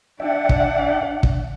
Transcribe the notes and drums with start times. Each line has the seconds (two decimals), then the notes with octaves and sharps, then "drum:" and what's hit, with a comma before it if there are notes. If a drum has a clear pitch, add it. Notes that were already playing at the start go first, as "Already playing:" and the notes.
0.20 D4 D5 E5 F#5 G5
0.49 drum: kick
1.23 drum: kick